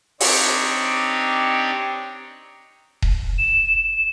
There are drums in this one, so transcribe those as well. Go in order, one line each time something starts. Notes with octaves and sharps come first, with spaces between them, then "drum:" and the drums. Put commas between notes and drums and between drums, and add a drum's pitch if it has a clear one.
C4 D4 D#4 G4 C#5, drum: open hi-hat
drum: kick D#1
E7
E7